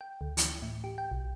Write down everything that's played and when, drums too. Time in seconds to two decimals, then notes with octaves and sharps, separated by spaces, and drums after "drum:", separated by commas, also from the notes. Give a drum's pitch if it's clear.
0.01 G5
0.21 D2
0.37 E3, drum: hi-hat
0.62 A2
0.84 G4
0.98 G5
1.11 B1